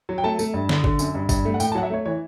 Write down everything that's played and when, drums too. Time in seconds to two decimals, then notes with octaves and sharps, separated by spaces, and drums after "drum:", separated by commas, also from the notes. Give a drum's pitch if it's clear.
0.09 F#3
0.18 G5
0.24 A3 A5
0.39 A3, drum: tambourine
0.54 G2
0.69 D3, drum: snare
0.84 D3, drum: kick G#1
0.99 F#2, drum: tambourine
1.15 G2
1.29 G2, drum: kick G#1, tambourine
1.45 A3
1.54 F#5
1.60 A2 G5, drum: tambourine
1.72 A5
1.75 F#3 F#5
1.83 E5
1.90 A3 C#5
2.06 E3 C#5